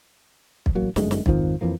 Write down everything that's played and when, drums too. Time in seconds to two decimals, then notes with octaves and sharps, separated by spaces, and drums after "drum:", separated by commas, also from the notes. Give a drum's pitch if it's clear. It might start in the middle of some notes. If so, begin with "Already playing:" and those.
0.66 drum: kick
0.75 A1 F#3 A#3
0.96 G1 F#2 G#3 A3, drum: snare
1.11 drum: snare
1.26 G#1 F2 D#3 F3, drum: kick
1.61 F2 E3 F3 A#3